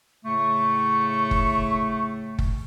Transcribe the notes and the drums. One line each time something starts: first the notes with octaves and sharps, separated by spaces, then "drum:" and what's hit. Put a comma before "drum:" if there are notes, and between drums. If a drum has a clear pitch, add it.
A2 C#3 A3 C#6
drum: kick F#1
drum: kick F#1